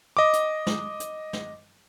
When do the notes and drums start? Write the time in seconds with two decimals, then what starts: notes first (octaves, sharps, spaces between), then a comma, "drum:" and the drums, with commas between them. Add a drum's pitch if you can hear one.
0.17 D#5 D6
0.33 drum: hi-hat
0.67 drum: snare
1.00 drum: hi-hat
1.33 drum: snare